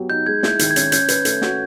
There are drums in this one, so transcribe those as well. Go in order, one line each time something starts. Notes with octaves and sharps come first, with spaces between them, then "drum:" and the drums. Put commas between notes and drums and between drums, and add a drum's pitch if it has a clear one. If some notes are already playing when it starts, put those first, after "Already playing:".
Already playing: F#3 B3 G4
D#4 G6
G#3 G#6
E4 G6, drum: snare
D#3, drum: hi-hat
G#6
C#4, drum: hi-hat
C#4 G6, drum: hi-hat
B4, drum: hi-hat
A3, drum: hi-hat
F#4, drum: snare